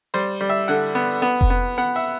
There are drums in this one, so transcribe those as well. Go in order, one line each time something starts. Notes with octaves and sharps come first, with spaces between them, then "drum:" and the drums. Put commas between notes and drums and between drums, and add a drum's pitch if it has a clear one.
G3 C5
G3
E5
D3 F#5
B3
B3
drum: kick F1
B3
B3 F#5
E5